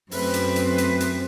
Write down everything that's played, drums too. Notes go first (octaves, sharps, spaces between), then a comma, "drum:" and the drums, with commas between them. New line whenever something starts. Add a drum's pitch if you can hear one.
F#2 A3 C4 B4, drum: open hi-hat
drum: hi-hat
drum: hi-hat
drum: hi-hat
drum: hi-hat